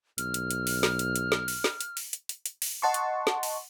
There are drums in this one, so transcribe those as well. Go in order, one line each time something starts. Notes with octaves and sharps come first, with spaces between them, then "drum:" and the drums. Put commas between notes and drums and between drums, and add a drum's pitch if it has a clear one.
B1 F6, drum: hi-hat
drum: hi-hat
drum: hi-hat
drum: open hi-hat
drum: snare
drum: hi-hat
drum: hi-hat
drum: snare
drum: open hi-hat
drum: snare
drum: hi-hat
drum: open hi-hat
drum: hi-hat
drum: hi-hat
drum: hi-hat
drum: open hi-hat
D#5 F#5 A5 C6 C#6
drum: hi-hat
drum: snare
drum: open hi-hat